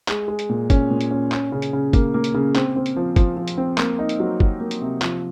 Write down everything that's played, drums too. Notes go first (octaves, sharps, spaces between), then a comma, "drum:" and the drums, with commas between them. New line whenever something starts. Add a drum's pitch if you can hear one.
G#3, drum: clap
G#3
drum: hi-hat
A#2
C#4, drum: kick, hi-hat
A#2
drum: hi-hat
C#4
C#4, drum: clap
C#3
drum: hi-hat
C#3
A#3, drum: kick, hi-hat
A#3
drum: hi-hat
C#3
C4, drum: clap
C4
drum: hi-hat
F3
F3, drum: kick, hi-hat
F3
drum: hi-hat
C4
A#3, drum: clap
D#4
drum: hi-hat
F#3
F#3, drum: kick
A#3
drum: hi-hat
C3
F3, drum: clap